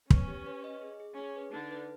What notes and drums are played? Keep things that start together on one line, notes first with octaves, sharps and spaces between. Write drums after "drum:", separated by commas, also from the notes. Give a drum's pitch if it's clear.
C#4 B4, drum: kick
G4
B4
D#5
G#4
G#4
C#4 G#4
B4
D3 D4 D#4
B4